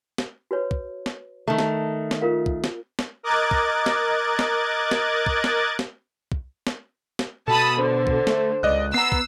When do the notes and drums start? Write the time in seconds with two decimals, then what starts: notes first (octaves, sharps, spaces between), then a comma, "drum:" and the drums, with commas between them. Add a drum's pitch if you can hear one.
0.18 drum: snare
0.51 F#4 B4 C#5
0.71 drum: kick
1.06 drum: snare
1.48 D#3 A3
1.59 drum: snare
2.11 drum: snare
2.22 F4 A#4 F5
2.46 drum: kick
2.64 drum: snare
2.99 drum: snare
3.23 A#4 D#5 D6 F#6 G#6 A6
3.51 drum: kick
3.86 drum: snare
4.39 drum: snare
4.91 drum: snare
5.26 drum: kick
5.44 drum: snare
5.79 drum: snare
6.32 drum: kick
6.67 drum: snare
7.19 drum: snare
7.48 B2 A4 A5 B5 D#6
7.78 D3 C5
8.07 drum: kick
8.27 A3, drum: snare
8.63 C#2 D5 D#5 F#6
8.94 B3 A#5 E6 C7
9.12 drum: kick